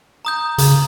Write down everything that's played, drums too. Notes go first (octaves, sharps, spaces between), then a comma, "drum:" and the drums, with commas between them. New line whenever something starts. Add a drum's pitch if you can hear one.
A#5 D#6 G6
C#3, drum: hi-hat